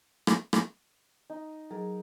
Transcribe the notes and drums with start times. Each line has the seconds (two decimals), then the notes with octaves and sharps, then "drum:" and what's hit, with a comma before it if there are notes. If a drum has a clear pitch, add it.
0.27 drum: rim click
0.53 drum: rim click
1.30 D#4
1.71 F#3 G#4 A#4 D#5